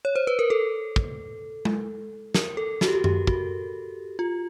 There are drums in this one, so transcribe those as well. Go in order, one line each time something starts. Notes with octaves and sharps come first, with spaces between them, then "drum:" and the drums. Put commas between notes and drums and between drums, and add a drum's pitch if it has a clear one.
C#5
C5
B4
A#4
A4
drum: kick
drum: tom G#3
A#4, drum: snare
A4
F#4, drum: snare
G4
F#4
G4, drum: tom F#2
F#4, drum: kick
F4